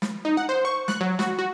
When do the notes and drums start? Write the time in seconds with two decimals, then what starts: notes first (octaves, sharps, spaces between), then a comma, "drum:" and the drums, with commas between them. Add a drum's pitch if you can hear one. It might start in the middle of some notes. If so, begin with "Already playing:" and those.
0.02 drum: snare
0.25 D#4
0.37 F#5
0.49 C5
0.65 C#6
0.88 F#6, drum: snare
1.01 F#3
1.19 F#4, drum: snare
1.39 F#4